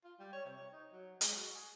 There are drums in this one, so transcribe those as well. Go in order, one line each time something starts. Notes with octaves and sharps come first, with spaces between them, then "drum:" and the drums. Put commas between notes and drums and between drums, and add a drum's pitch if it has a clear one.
F4
G3
C#5
C3
C#5
D#4
F#3
G#3, drum: hi-hat
F#4
G#4